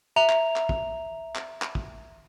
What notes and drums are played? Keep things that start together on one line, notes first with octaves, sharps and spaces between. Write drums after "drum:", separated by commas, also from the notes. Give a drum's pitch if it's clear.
E5 A#5 F7
drum: clap
drum: clap
drum: kick
drum: clap
drum: clap
drum: kick